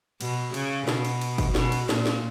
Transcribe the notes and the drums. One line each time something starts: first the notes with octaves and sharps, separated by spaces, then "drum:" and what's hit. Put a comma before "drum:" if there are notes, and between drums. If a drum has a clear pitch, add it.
B2, drum: cymbal
C#3, drum: cymbal
B2, drum: snare
drum: cymbal
drum: cymbal
drum: kick, cymbal
B2, drum: snare
drum: cymbal
A#2, drum: snare
drum: snare